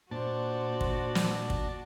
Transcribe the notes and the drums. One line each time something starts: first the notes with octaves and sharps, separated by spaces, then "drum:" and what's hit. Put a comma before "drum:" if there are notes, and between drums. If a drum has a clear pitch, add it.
A#2 D4 F#4 C5 A5
drum: kick
drum: snare
drum: kick